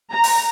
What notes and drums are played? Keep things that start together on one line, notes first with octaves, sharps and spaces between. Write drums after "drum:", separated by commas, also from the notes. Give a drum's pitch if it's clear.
A#5
drum: open hi-hat